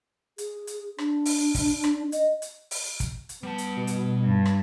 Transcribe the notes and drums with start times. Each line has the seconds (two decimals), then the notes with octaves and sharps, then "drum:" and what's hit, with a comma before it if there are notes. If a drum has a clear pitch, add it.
0.38 G#4, drum: hi-hat
0.67 drum: hi-hat
0.98 D4, drum: rim click
1.25 drum: open hi-hat
1.55 drum: kick, open hi-hat
1.84 drum: rim click
2.12 D#5, drum: hi-hat
2.42 drum: hi-hat
2.71 drum: open hi-hat
3.00 drum: kick, hi-hat
3.29 drum: hi-hat
3.43 G3 B3 A5
3.58 drum: hi-hat
3.77 B2
3.87 drum: hi-hat
4.22 G2
4.45 drum: rim click